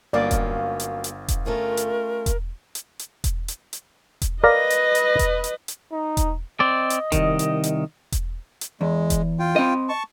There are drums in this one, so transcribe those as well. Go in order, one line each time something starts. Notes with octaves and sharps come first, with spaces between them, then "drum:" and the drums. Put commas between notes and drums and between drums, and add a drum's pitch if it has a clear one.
G1 F#3 A#3 C#4 D5 F5
drum: kick E1, hi-hat
drum: hi-hat
drum: hi-hat
drum: kick E1, hi-hat
A3 C#4 F4 A#4
drum: hi-hat
drum: kick E1, hi-hat
drum: hi-hat
drum: hi-hat
drum: kick E1, hi-hat
drum: hi-hat
drum: hi-hat
drum: kick E1, hi-hat
A#4 B4 D5 D#5 F5 A#6
drum: hi-hat
drum: hi-hat
drum: kick E1, hi-hat
drum: hi-hat
drum: hi-hat
D#4
drum: kick E1, hi-hat
C4 D5 D#5
drum: hi-hat
C2 D#3, drum: kick E1, hi-hat
drum: hi-hat
drum: hi-hat
drum: kick E1, hi-hat
drum: hi-hat
E2 G#3
drum: kick E1, hi-hat
F4 G5
C4 D#5
A5 C#6